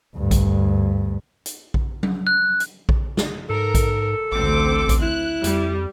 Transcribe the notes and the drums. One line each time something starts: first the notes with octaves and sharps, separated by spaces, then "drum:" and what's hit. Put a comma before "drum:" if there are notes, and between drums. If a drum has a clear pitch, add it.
D2 G2
drum: kick A#1, hi-hat
drum: hi-hat
drum: kick A#1
drum: tom F#3
F#6
drum: hi-hat
drum: kick A#1
drum: snare
G#2 A4 A#4
drum: kick A#1, hi-hat
A1 D2 C4 D6
drum: kick A#1, hi-hat
E4 F#6
F2 G3, drum: hi-hat